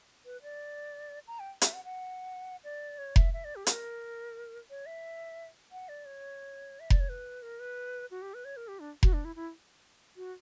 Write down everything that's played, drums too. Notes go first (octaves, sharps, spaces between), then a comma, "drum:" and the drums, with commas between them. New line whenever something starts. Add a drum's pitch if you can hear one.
B4
D5
A#5
G5
E5, drum: hi-hat
F#5
F#5
D5
C#5
E5, drum: kick F1
E5
D5
G4
A#4, drum: hi-hat
C#5
E5
F#5
D5
C#5
E5
D5, drum: kick F1
C#5
B4
A#4
B4
F#4
G4
B4
C#5
A#4
G4
D4
F#4, drum: kick F1
D4
E4
E4
F#4